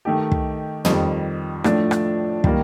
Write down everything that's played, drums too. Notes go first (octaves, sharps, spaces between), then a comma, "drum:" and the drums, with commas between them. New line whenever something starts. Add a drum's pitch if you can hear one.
D#3 A3 D#4 G4
drum: kick
F2 D#3 G3, drum: tom
A2 F3 A3 D4, drum: rim click
drum: rim click
D#3 G3 A#3, drum: kick